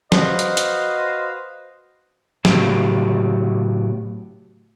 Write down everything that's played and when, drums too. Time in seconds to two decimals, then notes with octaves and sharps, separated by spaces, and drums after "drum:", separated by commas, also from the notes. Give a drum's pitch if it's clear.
0.12 F#4 B4 C5 D#5 F5, drum: snare
0.39 drum: hi-hat
0.57 drum: hi-hat
2.45 A2 C#3 F#3 B3 G4, drum: snare